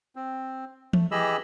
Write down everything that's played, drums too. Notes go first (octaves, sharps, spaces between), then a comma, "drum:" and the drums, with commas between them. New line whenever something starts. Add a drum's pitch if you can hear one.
C4
A3, drum: tom E3
E3 G4 G#4 D#5 B5 E6